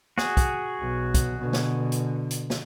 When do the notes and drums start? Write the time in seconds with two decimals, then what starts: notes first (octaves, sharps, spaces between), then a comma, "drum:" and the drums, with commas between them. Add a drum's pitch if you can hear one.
0.18 F#4 G#4, drum: snare
0.37 drum: kick, hi-hat
0.79 B1
1.14 drum: kick, hi-hat
1.41 B2 D3
1.53 drum: snare
1.92 drum: hi-hat
2.31 drum: hi-hat
2.50 drum: snare